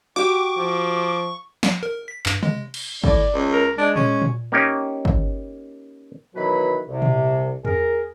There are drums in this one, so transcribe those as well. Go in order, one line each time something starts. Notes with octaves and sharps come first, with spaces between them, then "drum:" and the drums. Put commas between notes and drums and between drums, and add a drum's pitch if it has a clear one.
F#4 G4 C#6 D6
F3
drum: snare
A#4
B6
G2, drum: clap
G#3, drum: tom C3
drum: cymbal
A2 D5, drum: kick
C#2
A#4
G#3 D4
C#4, drum: tom A#2
drum: tom A#2
A#3 C#4 D#4 G4
drum: kick
B2 D#3 E3 F#3 B4 B5
C2 C3
drum: tom A#2
G#4 A#4, drum: tom E2